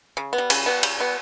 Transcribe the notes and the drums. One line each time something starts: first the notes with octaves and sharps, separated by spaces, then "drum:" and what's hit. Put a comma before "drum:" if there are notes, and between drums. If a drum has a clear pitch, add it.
C#3
B3
G3
C#3, drum: cymbal
G3 B3
C#3, drum: cymbal
G3 B3